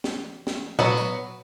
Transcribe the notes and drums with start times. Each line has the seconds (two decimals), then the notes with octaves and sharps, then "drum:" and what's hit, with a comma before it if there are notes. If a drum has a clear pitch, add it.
0.04 drum: snare
0.47 drum: snare
0.79 F#3 B3 F#4, drum: tom A#2
0.97 drum: tambourine